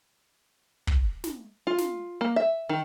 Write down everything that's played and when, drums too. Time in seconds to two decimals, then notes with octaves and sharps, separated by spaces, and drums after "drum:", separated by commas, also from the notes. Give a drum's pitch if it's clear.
0.87 drum: kick
1.24 drum: snare
1.67 F4
1.78 drum: snare
2.21 A#3
2.36 E5
2.69 D#3